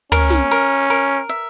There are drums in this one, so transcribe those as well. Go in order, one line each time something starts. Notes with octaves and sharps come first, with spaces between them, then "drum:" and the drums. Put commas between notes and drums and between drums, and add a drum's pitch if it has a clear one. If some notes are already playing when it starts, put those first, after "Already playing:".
C#4 A#4, drum: tom
drum: snare
A#4
A#4
E5